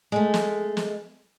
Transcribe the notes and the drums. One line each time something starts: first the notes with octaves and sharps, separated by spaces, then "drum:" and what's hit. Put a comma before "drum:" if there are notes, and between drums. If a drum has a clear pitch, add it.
G#3 A3
drum: snare
drum: snare